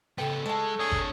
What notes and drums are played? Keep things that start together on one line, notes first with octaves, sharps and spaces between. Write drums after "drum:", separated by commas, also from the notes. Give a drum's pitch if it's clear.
C#3 B3 A4 G5
G#3 A3 A5
D4 G#4 C#5
drum: kick